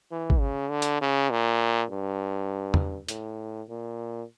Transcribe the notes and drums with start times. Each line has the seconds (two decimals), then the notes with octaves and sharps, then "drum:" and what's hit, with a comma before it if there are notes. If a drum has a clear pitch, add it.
0.11 E3
0.30 drum: kick
0.40 C#3
0.70 D3
0.82 drum: hi-hat
1.01 C#3
1.30 A#2
1.90 G2
2.74 drum: tom E2
3.08 A2, drum: hi-hat
3.69 A#2